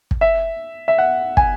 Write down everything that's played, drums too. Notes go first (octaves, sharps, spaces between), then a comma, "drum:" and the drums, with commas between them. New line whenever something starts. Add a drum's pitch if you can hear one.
drum: kick
E5
E5
F#5
G#5, drum: kick